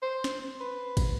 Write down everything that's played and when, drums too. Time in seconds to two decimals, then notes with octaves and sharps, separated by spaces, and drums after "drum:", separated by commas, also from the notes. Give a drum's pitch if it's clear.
0.02 C5
0.24 drum: snare
0.61 B4
0.97 drum: kick, cymbal